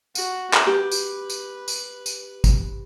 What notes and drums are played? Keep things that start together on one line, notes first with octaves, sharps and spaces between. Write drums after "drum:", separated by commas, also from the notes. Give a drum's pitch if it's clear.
F#4, drum: tambourine
drum: clap
G4 B4
drum: tambourine
drum: tambourine
drum: tambourine
drum: tambourine
drum: kick G#1, tambourine